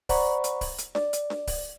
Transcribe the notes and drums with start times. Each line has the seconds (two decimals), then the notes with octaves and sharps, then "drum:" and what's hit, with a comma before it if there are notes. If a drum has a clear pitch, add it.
0.09 C5 D5 F#5 A#5 B5 C#6, drum: kick C#1, open hi-hat
0.44 drum: hi-hat
0.61 drum: kick C#1, open hi-hat
0.78 drum: hi-hat
0.95 D5, drum: snare D4
1.13 drum: hi-hat
1.30 drum: snare D4
1.47 drum: kick C#1, open hi-hat